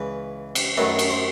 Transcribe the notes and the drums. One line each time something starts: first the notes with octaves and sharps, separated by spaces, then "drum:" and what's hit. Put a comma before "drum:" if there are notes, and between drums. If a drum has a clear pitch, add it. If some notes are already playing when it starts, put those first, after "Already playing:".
Already playing: C#2 C#3 E3 B4
drum: cymbal
F#2 D#3 F#3 A3 B4
drum: cymbal
C5